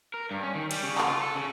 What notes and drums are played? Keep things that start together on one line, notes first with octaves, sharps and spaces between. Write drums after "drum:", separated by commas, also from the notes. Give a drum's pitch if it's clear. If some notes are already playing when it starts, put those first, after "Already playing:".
A#4
G2
C#4
D#3
G3, drum: cymbal
C#3
drum: clap
F4
A4
C#3